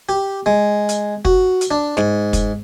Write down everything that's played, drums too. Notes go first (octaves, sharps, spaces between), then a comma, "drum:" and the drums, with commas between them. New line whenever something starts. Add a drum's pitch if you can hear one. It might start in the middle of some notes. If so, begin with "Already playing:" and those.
G4
G#3
drum: hi-hat
F#4, drum: kick
drum: hi-hat
D4
G#2, drum: snare
drum: kick, hi-hat